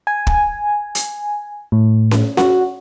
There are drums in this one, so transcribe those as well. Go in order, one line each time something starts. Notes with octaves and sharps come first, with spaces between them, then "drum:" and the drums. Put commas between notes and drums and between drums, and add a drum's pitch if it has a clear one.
G#5
drum: kick
drum: hi-hat
A2
drum: snare C#4
F#4, drum: snare C#4